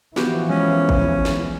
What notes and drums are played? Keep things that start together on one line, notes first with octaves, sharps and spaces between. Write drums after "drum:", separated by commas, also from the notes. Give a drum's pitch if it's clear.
E3 F3 B3 F#4 G4, drum: snare
G#3 C#4
drum: kick
drum: snare